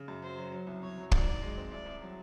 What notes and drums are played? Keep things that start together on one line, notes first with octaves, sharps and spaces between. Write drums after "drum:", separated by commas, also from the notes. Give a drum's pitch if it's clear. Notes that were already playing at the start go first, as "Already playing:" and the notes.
Already playing: C#3
F#2
F#3 C5
F#3
F#3
C2
C2 C#5
F#3
D#3 D5, drum: kick
D#3
G#3
C4
C2 D5
C2
F#3